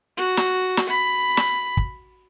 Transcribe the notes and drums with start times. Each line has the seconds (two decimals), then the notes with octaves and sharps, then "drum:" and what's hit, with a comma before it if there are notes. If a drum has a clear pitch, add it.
0.17 F#4
0.37 drum: snare
0.77 drum: snare
0.89 B5
1.37 drum: snare
1.77 drum: kick